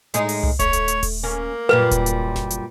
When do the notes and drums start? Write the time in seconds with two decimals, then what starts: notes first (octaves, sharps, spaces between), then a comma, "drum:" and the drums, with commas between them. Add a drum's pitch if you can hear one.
0.14 A2 G#3 D#4, drum: hi-hat
0.29 drum: open hi-hat
0.43 drum: tom C2
0.59 A3 C#5, drum: kick D#1, hi-hat
0.73 drum: hi-hat
0.88 drum: hi-hat
1.03 drum: kick D#1, open hi-hat
1.24 A#3 C#4
1.69 F#2 A#2 G3 B4
1.91 drum: kick D#1, hi-hat
2.06 drum: hi-hat
2.36 drum: snare F1
2.50 drum: hi-hat